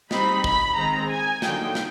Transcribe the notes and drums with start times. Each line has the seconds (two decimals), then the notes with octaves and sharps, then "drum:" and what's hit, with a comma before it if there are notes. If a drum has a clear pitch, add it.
0.11 G3 C4 D#4 B5, drum: snare
0.44 B5, drum: kick
0.76 D#3 G#3 C4 D#4 A#5
1.09 G#5
1.42 D3 F#3 A#3 D#4 G5, drum: snare
1.75 drum: snare